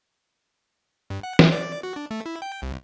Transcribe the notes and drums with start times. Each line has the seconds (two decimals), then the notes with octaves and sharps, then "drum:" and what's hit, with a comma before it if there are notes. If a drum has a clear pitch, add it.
1.10 G2
1.23 F#5
1.39 C4, drum: snare
1.52 D5
1.83 F#4
1.96 D4
2.11 A3
2.26 E4
2.42 G5
2.62 C2